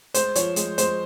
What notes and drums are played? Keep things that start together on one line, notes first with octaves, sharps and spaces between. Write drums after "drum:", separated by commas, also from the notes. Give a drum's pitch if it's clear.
G#3 C5, drum: hi-hat
F3 C#5, drum: hi-hat
G#3, drum: hi-hat
G#3 C5, drum: hi-hat